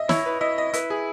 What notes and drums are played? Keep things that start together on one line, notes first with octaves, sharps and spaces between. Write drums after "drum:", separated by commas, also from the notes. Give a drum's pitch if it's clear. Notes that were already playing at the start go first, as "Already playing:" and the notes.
Already playing: D#5 E5
E4 C#5, drum: snare
B4
E4 D#5
D#5
E4 B4, drum: hi-hat
G#4